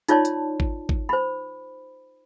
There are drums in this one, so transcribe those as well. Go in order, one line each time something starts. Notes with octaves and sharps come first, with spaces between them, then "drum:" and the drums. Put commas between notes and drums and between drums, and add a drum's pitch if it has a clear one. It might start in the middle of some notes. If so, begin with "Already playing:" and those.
D#4 F4 C#5 D5 A5 C6, drum: hi-hat
drum: hi-hat
drum: kick G#1
drum: kick G#1
C5 B5